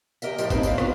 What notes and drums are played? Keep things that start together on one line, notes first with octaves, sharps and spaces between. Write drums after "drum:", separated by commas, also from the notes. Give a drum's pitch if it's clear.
E2 G4 A#4 D#5 E5, drum: tambourine
A2 F3 E4 F4 G4 G5, drum: tambourine
G#3 A#3 C4 D#4 B4, drum: kick, tambourine
A2 G#3 C4 F#4 D5 F5, drum: tambourine
C3 B3 D4 F4 A#4, drum: rim click